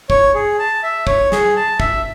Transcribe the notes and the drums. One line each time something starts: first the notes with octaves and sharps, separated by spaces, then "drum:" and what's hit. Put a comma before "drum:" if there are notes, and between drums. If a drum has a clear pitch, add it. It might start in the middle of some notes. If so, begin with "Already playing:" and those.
C#5, drum: kick
G#4
A5
E5
C#5, drum: kick
G#4, drum: snare
A5
E5, drum: kick